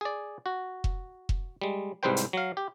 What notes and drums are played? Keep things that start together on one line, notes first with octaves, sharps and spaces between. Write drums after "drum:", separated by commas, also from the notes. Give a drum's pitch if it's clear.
G#4 D5
F#4
drum: kick F1
drum: kick F1
G3 G#3
C2 G#2 G3 B4 C5 G5
drum: hi-hat
F#3 F5
G4